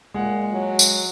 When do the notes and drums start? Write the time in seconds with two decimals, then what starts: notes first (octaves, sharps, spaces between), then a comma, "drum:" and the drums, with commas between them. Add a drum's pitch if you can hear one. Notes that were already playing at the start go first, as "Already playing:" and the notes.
0.14 A#2 G#3 F#5
0.53 F#3
0.79 drum: tambourine